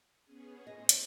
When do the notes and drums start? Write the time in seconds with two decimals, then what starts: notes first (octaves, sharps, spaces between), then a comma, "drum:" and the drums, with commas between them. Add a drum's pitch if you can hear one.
0.25 B3 C#4 G#4
0.67 A2 C5 C#5 D#5
0.89 drum: hi-hat